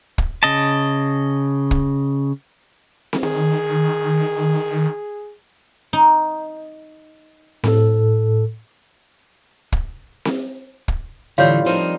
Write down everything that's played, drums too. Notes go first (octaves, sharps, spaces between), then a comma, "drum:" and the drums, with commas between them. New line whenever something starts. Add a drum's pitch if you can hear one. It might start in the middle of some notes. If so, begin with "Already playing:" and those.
drum: kick
C#3 D#5 A5
drum: kick
drum: snare C4
D#3 G#4
D#4
A2 A4, drum: snare C4
drum: kick
drum: snare C4
drum: kick
A2 D3 E3 G3 F4 C#5 F5, drum: hi-hat
F3 C4 D4 D#4 A#4